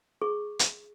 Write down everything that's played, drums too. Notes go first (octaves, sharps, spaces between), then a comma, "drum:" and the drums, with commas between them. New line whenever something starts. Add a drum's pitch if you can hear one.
G#4 C#6
drum: hi-hat